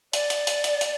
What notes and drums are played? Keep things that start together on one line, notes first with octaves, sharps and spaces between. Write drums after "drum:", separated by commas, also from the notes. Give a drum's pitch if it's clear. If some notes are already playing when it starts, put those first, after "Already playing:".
D5, drum: hi-hat
drum: hi-hat
drum: hi-hat
drum: hi-hat
drum: hi-hat